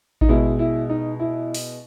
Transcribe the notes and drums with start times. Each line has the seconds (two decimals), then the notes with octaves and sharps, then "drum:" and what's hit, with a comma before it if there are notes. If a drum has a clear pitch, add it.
0.21 D#4, drum: kick A1
0.28 B2 G#3 E4
0.59 E4
0.90 D#4
1.20 E4
1.54 drum: open hi-hat